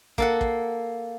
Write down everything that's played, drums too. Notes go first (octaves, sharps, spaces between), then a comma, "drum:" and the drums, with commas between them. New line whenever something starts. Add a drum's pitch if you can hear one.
A#3 A4 F#5, drum: kick
drum: kick